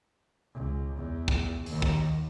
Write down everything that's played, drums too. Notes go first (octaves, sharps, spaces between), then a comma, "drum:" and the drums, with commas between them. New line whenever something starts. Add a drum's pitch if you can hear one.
C#2
E2
drum: kick
D#2, drum: open hi-hat
drum: kick